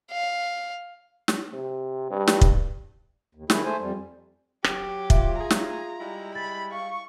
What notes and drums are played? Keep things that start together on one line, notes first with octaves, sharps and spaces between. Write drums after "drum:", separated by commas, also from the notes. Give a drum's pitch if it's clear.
F5
drum: snare
C3
G2
drum: snare
drum: kick
D#2
D#3 E4 G#4, drum: snare
A3 C5 G#5
F2 G3
F#3 G4, drum: rim click
F4 E5, drum: kick
G#4 A#5
drum: snare
G3 G#3 E4
B5 A6
F5 C#6